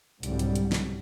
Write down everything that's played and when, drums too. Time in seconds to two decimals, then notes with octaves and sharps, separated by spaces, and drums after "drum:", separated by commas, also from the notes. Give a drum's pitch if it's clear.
0.23 C2 G#2 B2 D3 F#3 G3, drum: hi-hat
0.39 drum: hi-hat
0.56 drum: hi-hat
0.72 drum: snare